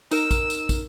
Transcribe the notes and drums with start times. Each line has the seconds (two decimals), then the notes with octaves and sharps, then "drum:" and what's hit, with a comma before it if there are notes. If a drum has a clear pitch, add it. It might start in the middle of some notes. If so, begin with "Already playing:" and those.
0.11 D#4 A#4 E6, drum: tambourine
0.31 drum: kick, tambourine
0.50 drum: tambourine
0.69 drum: kick, tambourine